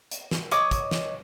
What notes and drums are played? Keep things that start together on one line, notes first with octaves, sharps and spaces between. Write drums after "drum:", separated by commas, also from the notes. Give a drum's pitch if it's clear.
drum: hi-hat
drum: snare
C#5 D#5 D6, drum: hi-hat
drum: kick, hi-hat
drum: snare